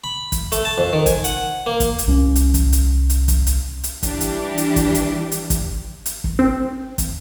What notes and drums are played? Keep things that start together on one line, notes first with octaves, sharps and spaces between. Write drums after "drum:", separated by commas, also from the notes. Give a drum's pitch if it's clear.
B5
drum: kick, hi-hat
A3, drum: hi-hat
A5
F2
D#3
G#5, drum: kick, hi-hat
F#5, drum: hi-hat
A#3
drum: kick, hi-hat
drum: hi-hat
C2 C#4
drum: hi-hat
drum: kick, hi-hat
drum: hi-hat
drum: hi-hat
drum: kick, hi-hat
drum: hi-hat
drum: hi-hat
E3 G3 D4 G4, drum: kick, hi-hat
drum: hi-hat
drum: hi-hat
drum: kick, hi-hat
drum: hi-hat
drum: hi-hat
drum: kick, hi-hat
drum: hi-hat
drum: kick
C4
drum: kick, hi-hat